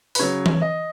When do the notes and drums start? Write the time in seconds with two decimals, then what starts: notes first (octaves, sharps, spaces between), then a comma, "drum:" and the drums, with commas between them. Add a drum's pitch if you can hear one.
0.15 B4, drum: open hi-hat
0.19 C#3 F#3 C#5
0.46 drum: tom E3
0.62 D#5